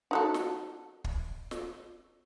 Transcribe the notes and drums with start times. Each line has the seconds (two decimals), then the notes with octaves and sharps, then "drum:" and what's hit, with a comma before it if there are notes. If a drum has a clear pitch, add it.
0.11 D#4 F#4 A4
0.34 drum: snare
1.04 drum: kick
1.51 drum: snare